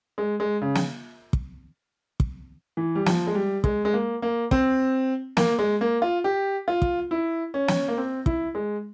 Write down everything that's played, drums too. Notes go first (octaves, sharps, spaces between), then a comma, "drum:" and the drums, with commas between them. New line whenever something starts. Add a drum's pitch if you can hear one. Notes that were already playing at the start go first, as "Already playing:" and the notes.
G#3
G#3
C#3
drum: snare
drum: kick
drum: kick
E3
G3
F3, drum: snare
G#3
G3
G#3, drum: kick
G#3
A#3
A#3
C4, drum: kick
A#3, drum: snare
G#3
A#3
F4
G4
F4
drum: kick
E4
C#4
drum: snare
A#3
C4
E4, drum: kick
G#3